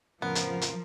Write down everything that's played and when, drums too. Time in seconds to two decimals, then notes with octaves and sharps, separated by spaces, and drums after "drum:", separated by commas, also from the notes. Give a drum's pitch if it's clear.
0.22 F2 A2 C#3 F3 B3 A#4
0.35 drum: hi-hat
0.61 drum: hi-hat